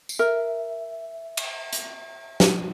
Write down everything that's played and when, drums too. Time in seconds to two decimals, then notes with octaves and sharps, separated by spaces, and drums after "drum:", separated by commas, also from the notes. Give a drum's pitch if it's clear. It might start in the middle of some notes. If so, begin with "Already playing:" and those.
0.09 drum: tambourine
0.19 A#4 E5
1.37 drum: cymbal
1.73 drum: hi-hat
2.40 drum: snare